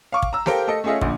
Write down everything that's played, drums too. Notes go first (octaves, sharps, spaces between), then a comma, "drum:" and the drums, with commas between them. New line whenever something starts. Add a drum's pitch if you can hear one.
F5 C#6 D6
drum: kick
A#5 E6
G4 A4 A#4 C5 F5 G5, drum: snare
A3 A4 D#5
A3 C#4 F4 G#4 D#5 E5
A#1 A#2 D3, drum: kick